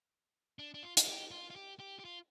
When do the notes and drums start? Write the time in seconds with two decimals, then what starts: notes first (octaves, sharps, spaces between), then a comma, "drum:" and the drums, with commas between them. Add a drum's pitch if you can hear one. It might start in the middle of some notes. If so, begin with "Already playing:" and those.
0.59 D4
0.74 D4
0.83 F4
0.97 F4, drum: hi-hat
1.08 G4
1.31 F4
1.50 F4
1.56 G4
1.80 G4
1.99 G4
2.05 F4